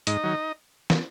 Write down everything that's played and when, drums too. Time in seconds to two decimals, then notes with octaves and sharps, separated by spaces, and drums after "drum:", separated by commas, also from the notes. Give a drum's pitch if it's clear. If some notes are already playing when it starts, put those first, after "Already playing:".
0.07 G#2 D#4 D#5, drum: hi-hat
0.24 D#3 F#3
0.90 drum: snare